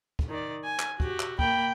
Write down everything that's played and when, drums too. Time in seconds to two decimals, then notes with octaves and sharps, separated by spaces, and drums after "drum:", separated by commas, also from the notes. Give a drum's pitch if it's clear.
0.19 drum: kick
0.29 D#3 D5
0.64 G#5
0.80 drum: clap
1.00 F#4 G4, drum: kick
1.20 drum: clap
1.39 A#3 G5 B5, drum: kick